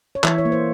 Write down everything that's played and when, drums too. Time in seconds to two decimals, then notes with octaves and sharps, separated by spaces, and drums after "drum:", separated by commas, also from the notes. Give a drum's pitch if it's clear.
0.15 C#5
0.24 E3 E5, drum: clap
0.38 C#5
0.45 A#3
0.52 C5